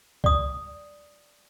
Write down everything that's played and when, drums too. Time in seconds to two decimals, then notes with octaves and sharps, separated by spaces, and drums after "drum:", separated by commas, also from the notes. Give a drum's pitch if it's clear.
0.24 D5 D#6, drum: kick